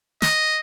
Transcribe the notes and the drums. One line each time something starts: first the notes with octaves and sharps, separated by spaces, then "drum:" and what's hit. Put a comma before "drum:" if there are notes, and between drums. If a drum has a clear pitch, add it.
D#5, drum: snare